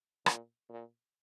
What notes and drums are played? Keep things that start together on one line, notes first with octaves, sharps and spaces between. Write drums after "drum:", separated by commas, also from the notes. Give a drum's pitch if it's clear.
A#2, drum: rim click
A#2